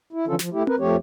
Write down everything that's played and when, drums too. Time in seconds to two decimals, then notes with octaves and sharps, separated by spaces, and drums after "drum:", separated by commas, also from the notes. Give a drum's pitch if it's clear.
0.13 E4
0.27 D3 E3 F3 C#4 F4 A4
0.39 F3, drum: snare
0.53 A3 E4 G4
0.67 A#4 B4, drum: tom C4
0.79 F2 F3 A3 G4 C#5